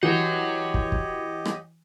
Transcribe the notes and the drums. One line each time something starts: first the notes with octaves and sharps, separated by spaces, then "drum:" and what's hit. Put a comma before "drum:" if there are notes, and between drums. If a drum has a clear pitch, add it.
E3 F#4 G4 C#5 D#5 F#5
drum: kick
drum: kick
drum: rim click